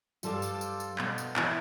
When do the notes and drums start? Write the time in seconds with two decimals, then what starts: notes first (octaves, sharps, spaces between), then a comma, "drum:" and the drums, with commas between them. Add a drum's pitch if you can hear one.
0.23 G2 G3 D4 F4 A4 C5, drum: tambourine
0.42 drum: tambourine
0.61 drum: tambourine
0.80 drum: tambourine
0.98 B2 B3, drum: clap
1.18 drum: tambourine
1.36 E3 E4, drum: clap